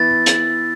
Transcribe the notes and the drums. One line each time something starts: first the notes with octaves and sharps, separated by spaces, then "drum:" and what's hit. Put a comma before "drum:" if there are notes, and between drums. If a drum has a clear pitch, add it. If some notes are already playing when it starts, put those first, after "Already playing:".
Already playing: E3 B3 E4 A6
drum: hi-hat